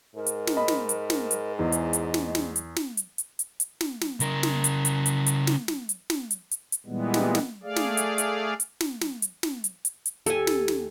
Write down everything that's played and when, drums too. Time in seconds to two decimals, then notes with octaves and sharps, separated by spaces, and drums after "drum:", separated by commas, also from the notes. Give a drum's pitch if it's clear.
0.16 G#2 A#4
0.26 drum: hi-hat
0.47 drum: snare
0.57 D#5 B5
0.68 drum: snare
0.89 drum: hi-hat
1.10 drum: snare
1.31 drum: hi-hat
1.59 E2 D#5
1.72 drum: hi-hat
1.93 drum: hi-hat
2.14 drum: snare
2.35 drum: snare
2.56 drum: hi-hat
2.76 drum: snare
2.97 drum: hi-hat
3.18 drum: hi-hat
3.39 drum: hi-hat
3.60 drum: hi-hat
3.81 drum: snare
4.01 drum: snare
4.20 C#3 A#4, drum: hi-hat
4.43 drum: snare
4.64 drum: hi-hat
4.85 drum: hi-hat
5.06 drum: hi-hat
5.26 drum: hi-hat
5.47 drum: snare
5.68 drum: snare
5.89 drum: hi-hat
6.10 drum: snare
6.31 drum: hi-hat
6.51 drum: hi-hat
6.72 drum: hi-hat
6.86 A#2 E3 G3 G#3 B3
7.14 drum: snare
7.35 drum: snare
7.63 A3 G#4 D5 F5
7.76 drum: snare
7.97 drum: hi-hat
8.18 drum: hi-hat
8.60 drum: hi-hat
8.81 drum: snare
9.01 drum: snare
9.22 drum: hi-hat
9.43 drum: snare
9.64 drum: hi-hat
9.85 drum: hi-hat
10.06 drum: hi-hat
10.26 D#2 G4 A4 G#5, drum: hi-hat
10.47 drum: snare
10.68 drum: snare